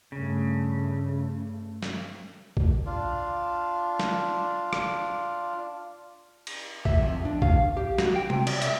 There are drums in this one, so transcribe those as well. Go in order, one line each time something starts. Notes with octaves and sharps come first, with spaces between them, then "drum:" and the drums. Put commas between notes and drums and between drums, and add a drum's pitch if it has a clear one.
G2 C#3 A3
drum: snare
drum: kick
D4 F4
drum: snare
drum: rim click
drum: cymbal
E5, drum: kick
F2
D4
F5, drum: kick
G4
F#4, drum: snare
G5
C3, drum: tom
D5, drum: cymbal
E5, drum: hi-hat